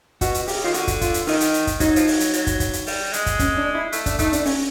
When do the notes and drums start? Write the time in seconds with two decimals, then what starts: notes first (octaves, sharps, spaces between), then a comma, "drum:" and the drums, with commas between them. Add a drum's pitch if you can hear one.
0.21 B2 F#4, drum: kick, hi-hat
0.34 drum: hi-hat
0.48 C#3 G4, drum: open hi-hat
0.64 D#3 F4
0.74 D3 F#4, drum: hi-hat
0.87 drum: kick, hi-hat
1.01 F4, drum: kick, hi-hat
1.14 drum: hi-hat
1.27 D#3 D#4, drum: open hi-hat
1.41 drum: hi-hat
1.54 drum: hi-hat
1.67 drum: kick, hi-hat
1.80 F#3 D#4, drum: kick, hi-hat
1.96 F3, drum: hi-hat
2.07 F#3, drum: open hi-hat
2.20 drum: hi-hat
2.33 F#3, drum: hi-hat
2.47 drum: kick, hi-hat
2.60 drum: kick, hi-hat
2.73 drum: hi-hat
2.87 G3, drum: open hi-hat
3.13 G#3, drum: hi-hat
3.26 drum: kick, hi-hat
3.39 C#4, drum: kick, hi-hat
3.57 D4
3.75 E4
3.92 A3, drum: hi-hat
4.06 D4, drum: kick, hi-hat
4.19 A3 D#4, drum: kick, hi-hat
4.33 D4, drum: hi-hat
4.45 C#4, drum: open hi-hat